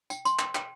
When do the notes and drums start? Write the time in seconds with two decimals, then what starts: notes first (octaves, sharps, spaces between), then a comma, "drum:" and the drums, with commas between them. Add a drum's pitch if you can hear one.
0.10 G5, drum: tambourine
0.25 C6, drum: tambourine
0.39 G5, drum: clap
0.55 G5, drum: clap